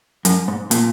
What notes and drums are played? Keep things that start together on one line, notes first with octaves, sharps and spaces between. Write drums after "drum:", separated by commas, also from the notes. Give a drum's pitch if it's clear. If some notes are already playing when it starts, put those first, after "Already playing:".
F#2, drum: hi-hat
G#2
A#2, drum: hi-hat